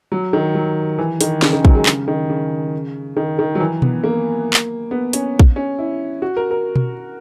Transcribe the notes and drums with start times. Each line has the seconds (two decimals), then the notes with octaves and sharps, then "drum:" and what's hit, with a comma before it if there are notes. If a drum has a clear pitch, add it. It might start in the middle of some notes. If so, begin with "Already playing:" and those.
0.12 F#3
0.33 D#3
0.55 F#3
0.99 E3
1.21 D#3, drum: hi-hat
1.42 C#3, drum: snare
1.53 D#3
1.65 F#3, drum: kick
1.75 G#3
1.86 C#3, drum: clap
2.08 D#3
2.30 C#3
3.17 D#3
3.39 D#3
3.55 F#3
3.60 E3
3.82 B3, drum: tom B2
4.04 A#3
4.53 drum: clap
4.91 B3
5.13 C#4, drum: hi-hat
5.40 drum: kick
5.56 C#4
5.79 E4
6.22 F#4
6.37 A#4
6.51 A#4
6.76 drum: tom B2